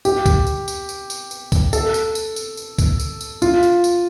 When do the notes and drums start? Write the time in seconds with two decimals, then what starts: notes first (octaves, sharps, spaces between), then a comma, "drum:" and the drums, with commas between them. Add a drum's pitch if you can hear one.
0.05 G4, drum: tambourine
0.26 drum: kick C#2, tambourine
0.47 drum: tambourine
0.68 drum: tambourine
0.89 drum: tambourine
1.10 drum: tambourine
1.31 drum: tambourine
1.52 drum: kick C#2, tambourine
1.73 A4, drum: tambourine
1.94 drum: tambourine
2.15 drum: tambourine
2.36 drum: tambourine
2.57 drum: tambourine
2.78 drum: kick C#2, tambourine
3.00 drum: tambourine
3.21 drum: tambourine
3.42 F4, drum: tambourine
3.63 drum: tambourine
3.84 drum: tambourine